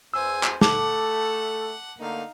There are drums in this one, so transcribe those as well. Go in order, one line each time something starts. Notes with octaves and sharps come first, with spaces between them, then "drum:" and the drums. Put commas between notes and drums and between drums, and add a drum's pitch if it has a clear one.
E2 C5 G#5 E6
drum: clap
A3 A4 F#5 A5 D6, drum: snare
D3 A3 A#3 D#4 F5